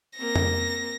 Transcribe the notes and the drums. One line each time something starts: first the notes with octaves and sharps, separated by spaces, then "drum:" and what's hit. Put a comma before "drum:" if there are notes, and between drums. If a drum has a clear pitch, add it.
A#3 C4 A#6
drum: tom F2